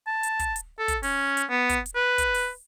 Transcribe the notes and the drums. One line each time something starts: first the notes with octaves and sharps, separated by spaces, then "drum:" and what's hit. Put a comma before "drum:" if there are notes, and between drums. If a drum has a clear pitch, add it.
A5
drum: hi-hat
drum: kick, hi-hat
drum: hi-hat
A4
drum: kick, hi-hat
C#4, drum: open hi-hat
drum: hi-hat
B3
drum: kick, hi-hat
drum: hi-hat
B4
drum: kick, hi-hat
drum: open hi-hat